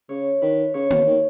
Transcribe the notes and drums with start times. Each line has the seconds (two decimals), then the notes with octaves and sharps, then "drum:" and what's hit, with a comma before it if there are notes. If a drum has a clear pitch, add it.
0.09 C#3 C#5
0.42 D#3 B4
0.74 C#3 C#5
0.90 B2, drum: tom A#3
1.07 D#3